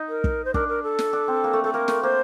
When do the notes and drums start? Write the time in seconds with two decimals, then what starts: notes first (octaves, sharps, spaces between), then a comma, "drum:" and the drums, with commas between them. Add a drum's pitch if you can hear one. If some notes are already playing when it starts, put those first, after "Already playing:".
Already playing: D#4
0.09 A#4
0.24 drum: kick
0.45 C5
0.54 D4 A#4, drum: kick
0.68 A#4
0.83 A4
0.99 drum: snare
1.13 D4
1.28 C4
1.44 A#3
1.53 A3
1.64 A3 A4
1.73 A#3 A#4
1.88 A3, drum: snare
2.03 A#3 C5